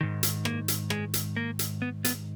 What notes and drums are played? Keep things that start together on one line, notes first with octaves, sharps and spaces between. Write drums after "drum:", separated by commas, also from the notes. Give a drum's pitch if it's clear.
G#2 D#3
drum: hi-hat
A#3, drum: rim click
drum: hi-hat
G#3, drum: rim click
drum: hi-hat
A#3
drum: hi-hat
B3
B3, drum: hi-hat